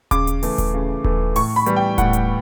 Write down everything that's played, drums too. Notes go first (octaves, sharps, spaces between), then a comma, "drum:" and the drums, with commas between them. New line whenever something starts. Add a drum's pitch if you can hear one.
C#3 D6, drum: kick D#1, hi-hat
drum: hi-hat
E3 A3, drum: open hi-hat
drum: kick D#1, hi-hat
C#3
E3 A3, drum: kick D#1
A2 C#6, drum: open hi-hat
B5
E3 G3 B3, drum: hi-hat
G5
A2 F#5, drum: kick D#1, hi-hat
drum: hi-hat